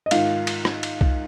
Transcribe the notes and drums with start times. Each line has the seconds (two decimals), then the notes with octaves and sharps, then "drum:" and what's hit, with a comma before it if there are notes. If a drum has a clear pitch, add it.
0.06 D#5
0.11 G#2 D#3 F4 F5, drum: cymbal
0.47 drum: cymbal
0.65 drum: rim click
0.83 drum: cymbal
1.01 drum: kick